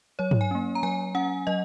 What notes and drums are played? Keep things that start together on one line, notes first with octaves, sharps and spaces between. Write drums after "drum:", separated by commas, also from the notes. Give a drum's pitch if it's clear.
F#3 C#5
drum: tom
G#5
A#3 C#4
A#5
F#3 G#5
C#4 F#5
F#3 D#5